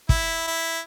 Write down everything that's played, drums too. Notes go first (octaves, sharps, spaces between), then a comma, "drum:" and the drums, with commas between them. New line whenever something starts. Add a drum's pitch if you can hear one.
E4, drum: kick
E4